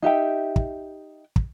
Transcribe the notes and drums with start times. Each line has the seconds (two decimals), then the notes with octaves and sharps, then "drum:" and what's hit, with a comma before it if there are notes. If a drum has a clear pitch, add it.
0.02 D#4 G4 E5 G5
0.56 drum: kick
1.36 drum: kick